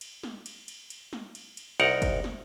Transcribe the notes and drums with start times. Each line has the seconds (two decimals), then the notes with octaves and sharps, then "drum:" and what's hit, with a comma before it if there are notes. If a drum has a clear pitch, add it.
0.01 drum: cymbal
0.23 drum: snare
0.46 drum: cymbal
0.68 drum: cymbal
0.90 drum: cymbal
1.13 drum: snare
1.35 drum: cymbal
1.57 drum: cymbal
1.80 C2 D#4 A#4 F#5, drum: cymbal
2.02 drum: kick, cymbal
2.24 drum: snare